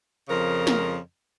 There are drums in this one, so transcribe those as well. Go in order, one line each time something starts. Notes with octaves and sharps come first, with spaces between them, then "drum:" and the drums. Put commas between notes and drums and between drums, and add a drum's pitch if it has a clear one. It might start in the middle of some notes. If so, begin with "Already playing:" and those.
F2 C#3 F3 A#4
drum: snare